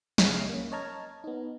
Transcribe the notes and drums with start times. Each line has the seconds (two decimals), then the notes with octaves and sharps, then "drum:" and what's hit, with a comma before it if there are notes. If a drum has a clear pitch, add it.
0.18 C#2 G3 G#4 D#5 E5 F6, drum: snare
0.49 A#3 C#4
0.72 C#5 D#5 A5 A#5 F6 G#6
1.24 B3 D#4